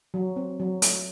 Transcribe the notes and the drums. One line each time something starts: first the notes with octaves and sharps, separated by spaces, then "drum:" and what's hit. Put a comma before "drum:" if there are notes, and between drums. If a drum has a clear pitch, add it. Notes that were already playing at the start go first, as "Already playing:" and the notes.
F#3
C4
F#3
A3, drum: hi-hat